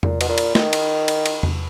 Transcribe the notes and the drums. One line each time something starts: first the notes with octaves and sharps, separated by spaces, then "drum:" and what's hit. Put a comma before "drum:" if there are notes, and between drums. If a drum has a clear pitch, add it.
A#2, drum: tom E2
B2, drum: cymbal
A#2
drum: cymbal
D#3, drum: snare
drum: cymbal
drum: cymbal
drum: cymbal
drum: tom E2